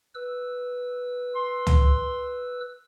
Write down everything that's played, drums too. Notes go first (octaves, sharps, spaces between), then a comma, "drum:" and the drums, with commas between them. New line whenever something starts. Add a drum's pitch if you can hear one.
B4 E6
C6
drum: tom C#2